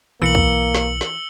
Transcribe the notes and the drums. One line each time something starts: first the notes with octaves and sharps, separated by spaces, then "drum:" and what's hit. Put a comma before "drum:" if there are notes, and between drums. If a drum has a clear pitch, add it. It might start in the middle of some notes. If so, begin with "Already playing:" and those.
B1 E3 A#3 E6 C#7 F#7
drum: kick C#2
drum: snare
drum: snare